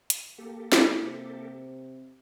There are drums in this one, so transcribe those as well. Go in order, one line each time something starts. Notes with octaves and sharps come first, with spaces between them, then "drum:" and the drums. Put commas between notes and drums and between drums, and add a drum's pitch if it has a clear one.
drum: hi-hat
A#3 G4 A4
drum: snare
C3